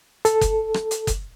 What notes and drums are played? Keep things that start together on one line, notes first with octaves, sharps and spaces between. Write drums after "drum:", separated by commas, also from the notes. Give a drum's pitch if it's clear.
A4, drum: hi-hat
drum: kick F#1, hi-hat
drum: rim click
drum: hi-hat
drum: kick F#1, hi-hat